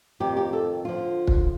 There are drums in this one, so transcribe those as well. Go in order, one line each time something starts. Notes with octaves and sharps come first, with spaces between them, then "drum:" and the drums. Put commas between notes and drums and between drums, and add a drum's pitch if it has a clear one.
F2 D#3 G4
G4
A4
D3 F3 F4
drum: kick